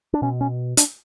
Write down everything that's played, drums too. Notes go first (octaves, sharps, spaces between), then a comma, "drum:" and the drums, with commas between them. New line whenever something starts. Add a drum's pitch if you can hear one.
D4
B2 C#4
C#4
D4, drum: hi-hat